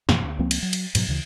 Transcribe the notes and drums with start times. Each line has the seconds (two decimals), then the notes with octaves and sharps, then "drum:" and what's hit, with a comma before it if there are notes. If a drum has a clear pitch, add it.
0.09 F#2 B2 E3 F3, drum: snare
0.23 D2
0.39 C#2 F3 A#3 C4
0.51 drum: cymbal
0.63 F#3
0.73 drum: cymbal
0.95 G#2 B2 E3 F#3, drum: cymbal
1.08 D2 C#3 E3